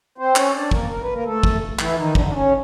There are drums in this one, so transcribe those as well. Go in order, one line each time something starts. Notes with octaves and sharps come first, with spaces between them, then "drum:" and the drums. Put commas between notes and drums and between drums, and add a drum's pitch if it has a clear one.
C4 C5
C#4 C#5, drum: clap
D4 D5
A#3 A#4, drum: kick
A#4
B4
A#3 A#4
A3 A4
drum: kick
E3 E4, drum: clap
D#3 D#4
D3 D4, drum: kick
D4
C#3 C#4